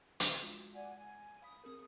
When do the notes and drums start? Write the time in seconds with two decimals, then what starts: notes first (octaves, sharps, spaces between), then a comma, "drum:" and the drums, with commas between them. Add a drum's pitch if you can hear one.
0.20 drum: hi-hat
0.43 G#3 F4 F#4
0.74 D5 F#5 G#5
0.95 G#5
1.42 F5 B5 D#6 B6
1.64 C4 G#4 A#4